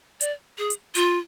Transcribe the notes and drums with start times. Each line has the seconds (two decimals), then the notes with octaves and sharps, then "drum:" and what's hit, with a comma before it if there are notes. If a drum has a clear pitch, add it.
0.21 D5, drum: hi-hat
0.58 G#4
0.70 drum: hi-hat
0.95 F4, drum: hi-hat